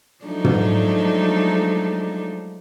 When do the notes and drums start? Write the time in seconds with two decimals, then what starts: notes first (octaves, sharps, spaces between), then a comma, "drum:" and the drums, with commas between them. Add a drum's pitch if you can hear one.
0.24 F3 F#3 G#3 A3 D4 D#4
0.44 drum: tom